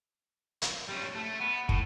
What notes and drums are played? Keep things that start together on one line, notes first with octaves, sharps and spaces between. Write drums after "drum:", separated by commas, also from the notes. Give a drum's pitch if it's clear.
drum: hi-hat
G3 C#4
A3
B3
A2, drum: kick